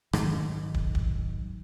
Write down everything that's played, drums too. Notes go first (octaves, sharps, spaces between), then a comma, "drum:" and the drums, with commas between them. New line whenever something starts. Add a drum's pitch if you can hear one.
G#2 D#3 F#3, drum: rim click
drum: kick
drum: kick